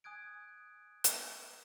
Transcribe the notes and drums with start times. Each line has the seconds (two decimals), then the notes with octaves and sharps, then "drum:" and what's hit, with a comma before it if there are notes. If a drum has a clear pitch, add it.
0.04 G#5 D#6 F#6 G#6 D7
1.04 drum: hi-hat